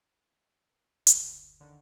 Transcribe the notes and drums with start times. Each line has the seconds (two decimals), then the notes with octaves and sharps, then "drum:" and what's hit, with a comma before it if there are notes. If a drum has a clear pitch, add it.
1.07 F#1 D2, drum: hi-hat
1.61 D3 D#3